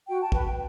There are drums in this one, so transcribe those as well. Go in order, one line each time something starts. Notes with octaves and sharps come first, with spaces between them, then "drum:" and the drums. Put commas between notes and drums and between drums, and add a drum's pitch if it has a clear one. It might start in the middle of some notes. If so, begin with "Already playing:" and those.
F#4 G5
A5
B4 G5, drum: kick
G5